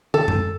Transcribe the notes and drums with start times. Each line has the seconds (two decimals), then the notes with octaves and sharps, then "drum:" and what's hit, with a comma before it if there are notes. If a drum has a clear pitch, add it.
0.14 A4, drum: tom
0.28 drum: tom F#2